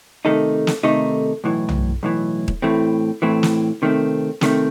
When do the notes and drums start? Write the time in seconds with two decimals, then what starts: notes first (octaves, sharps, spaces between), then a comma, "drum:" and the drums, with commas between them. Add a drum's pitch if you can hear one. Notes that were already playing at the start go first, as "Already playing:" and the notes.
0.25 C3 D#3 A3 D#4 A4
0.67 drum: snare
0.83 C3 D#3 A3 D#4 A4
1.44 B1 A2 E3
1.69 drum: tom
2.03 B1 A2 E3
2.48 drum: kick D#1
2.62 A2 E3 A3 C4
3.22 A2 E3 A3 C4
3.43 drum: snare
3.82 C3 D#3 A3 C4
4.41 C3 D#3 A3 C4, drum: snare